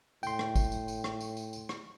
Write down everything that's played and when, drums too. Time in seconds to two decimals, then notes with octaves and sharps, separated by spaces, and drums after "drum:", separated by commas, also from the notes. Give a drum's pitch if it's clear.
0.23 A2 G5 C6, drum: tambourine
0.39 drum: rim click
0.56 drum: kick, tambourine
0.72 drum: tambourine
0.88 drum: tambourine
1.04 drum: rim click
1.21 drum: tambourine
1.37 drum: tambourine
1.53 drum: tambourine
1.69 drum: rim click